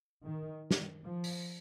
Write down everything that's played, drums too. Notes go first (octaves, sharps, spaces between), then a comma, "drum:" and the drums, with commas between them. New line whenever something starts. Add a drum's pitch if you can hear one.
D#3
drum: snare
F3
drum: open hi-hat